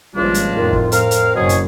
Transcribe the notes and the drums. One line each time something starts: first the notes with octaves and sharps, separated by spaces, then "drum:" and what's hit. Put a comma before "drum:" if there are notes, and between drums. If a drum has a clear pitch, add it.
G#1 C#2 F3 G3 A#3 D4 F4
drum: hi-hat
F2 A2 D#3
drum: kick
C4 A#4 F5, drum: hi-hat
drum: hi-hat
F#1 F#2 B2 G#4 C#5
drum: hi-hat